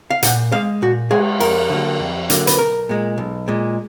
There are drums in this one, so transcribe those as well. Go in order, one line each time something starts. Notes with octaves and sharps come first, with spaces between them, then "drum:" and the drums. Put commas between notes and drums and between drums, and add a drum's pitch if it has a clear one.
F5
A#2 F#5, drum: hi-hat
G#3 F5
A#2 F#4
G#3 G#4, drum: cymbal
F2 A#4, drum: cymbal
D3 F#3 A#3
F2
D3 F#3 A#3, drum: hi-hat
B4, drum: hi-hat
B1 A#4
A#2 G#3
B1
A#2 G#3